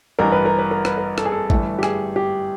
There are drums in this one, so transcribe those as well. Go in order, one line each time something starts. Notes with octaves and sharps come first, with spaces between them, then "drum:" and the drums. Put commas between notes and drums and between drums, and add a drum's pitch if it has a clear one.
A1 G2 E3 A#4
B4
A#4
B4
A#4
B4, drum: rim click
A#4
A4, drum: rim click
G#4
A4
G1 G2 E3 A3, drum: kick A1
G4
G#4, drum: rim click
G4